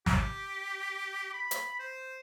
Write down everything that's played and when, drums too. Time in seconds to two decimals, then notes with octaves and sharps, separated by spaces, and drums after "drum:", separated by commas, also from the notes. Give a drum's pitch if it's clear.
0.06 G4, drum: snare
1.33 B5
1.51 drum: hi-hat
1.79 C5